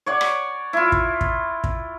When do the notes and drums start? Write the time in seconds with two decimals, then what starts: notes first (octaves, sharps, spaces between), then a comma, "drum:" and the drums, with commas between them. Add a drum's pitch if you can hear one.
0.06 C#5 D5 F#5
0.21 drum: rim click
0.73 E4 F4
0.92 drum: kick
1.21 drum: kick
1.64 drum: kick